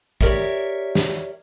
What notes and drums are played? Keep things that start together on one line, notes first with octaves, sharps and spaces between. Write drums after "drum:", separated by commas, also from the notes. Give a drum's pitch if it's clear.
G4 A#4 C#5 D5 E5, drum: kick
drum: snare